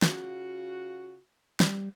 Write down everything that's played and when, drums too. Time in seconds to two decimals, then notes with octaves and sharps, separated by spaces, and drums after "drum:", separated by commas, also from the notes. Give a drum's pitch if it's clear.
0.02 C#3 F4 F#4, drum: snare
1.60 G3, drum: snare